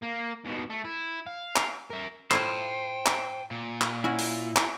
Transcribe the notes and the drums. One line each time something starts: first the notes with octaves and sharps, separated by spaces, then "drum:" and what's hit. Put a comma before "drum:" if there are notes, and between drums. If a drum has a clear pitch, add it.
A#3
D#2 B2
A3
E4
F5
drum: clap
A#4 E5
A2 E4 F4 C5 G5 A5, drum: clap
drum: clap
A#2
drum: clap
C#4 E4 F#4
drum: open hi-hat
drum: clap